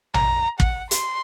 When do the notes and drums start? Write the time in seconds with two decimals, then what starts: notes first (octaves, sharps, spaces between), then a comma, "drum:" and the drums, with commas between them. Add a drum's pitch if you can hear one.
0.14 A#5, drum: tom A#1
0.60 F#5, drum: kick
0.91 C6, drum: hi-hat